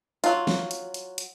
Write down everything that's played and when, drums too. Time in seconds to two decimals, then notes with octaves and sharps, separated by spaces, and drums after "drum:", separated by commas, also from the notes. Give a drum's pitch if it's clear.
0.24 F#3 F4, drum: hi-hat
0.47 drum: snare
0.71 drum: hi-hat
0.94 drum: hi-hat
1.18 drum: hi-hat